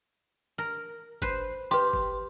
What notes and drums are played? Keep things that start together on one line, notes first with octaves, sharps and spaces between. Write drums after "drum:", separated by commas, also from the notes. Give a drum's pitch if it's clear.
A#4
B4 C5, drum: kick G1
G4 B4 C6
drum: kick G1